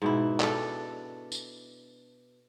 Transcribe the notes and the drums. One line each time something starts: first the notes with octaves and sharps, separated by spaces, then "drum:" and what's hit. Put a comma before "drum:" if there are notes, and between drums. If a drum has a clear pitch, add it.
G#2 B2 E4
D4 A4, drum: clap
drum: tambourine